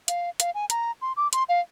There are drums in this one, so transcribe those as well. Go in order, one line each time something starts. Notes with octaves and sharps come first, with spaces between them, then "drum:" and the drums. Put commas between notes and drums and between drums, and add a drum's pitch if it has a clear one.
F5, drum: hi-hat
F5, drum: hi-hat
G#5
A#5, drum: hi-hat
C6
D6
C6, drum: hi-hat
F5